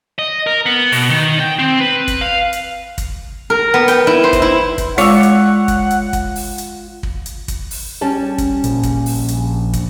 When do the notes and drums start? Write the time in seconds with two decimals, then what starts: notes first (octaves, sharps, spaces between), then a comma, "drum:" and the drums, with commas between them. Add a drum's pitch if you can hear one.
0.19 D#5
0.47 A#4
0.66 B3
0.92 B2, drum: open hi-hat
1.10 D#3
1.40 G5
1.59 C4
1.80 B4
2.08 drum: kick, hi-hat
2.21 F5
2.53 drum: hi-hat
2.98 drum: kick, hi-hat
3.50 A#4
3.74 B3
3.88 G5, drum: hi-hat
4.07 E4
4.24 C5
4.33 drum: kick, hi-hat
4.42 E4
4.78 drum: kick, hi-hat
4.98 G#3 F4 C#5 F#5 D6 E6, drum: open hi-hat
5.23 drum: hi-hat
5.68 drum: kick, hi-hat
5.91 drum: hi-hat
6.13 drum: kick, hi-hat
6.36 drum: open hi-hat
6.58 drum: hi-hat
7.03 drum: kick
7.26 drum: hi-hat
7.48 drum: kick, hi-hat
7.71 drum: open hi-hat
8.01 G3 C#4 A5
8.38 drum: kick, hi-hat
8.64 A#1, drum: hi-hat
8.83 drum: kick, hi-hat
9.06 drum: open hi-hat
9.28 drum: hi-hat
9.73 drum: kick, hi-hat